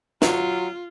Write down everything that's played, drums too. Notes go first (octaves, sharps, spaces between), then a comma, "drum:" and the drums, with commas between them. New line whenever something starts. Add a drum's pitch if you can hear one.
F#3 F4, drum: snare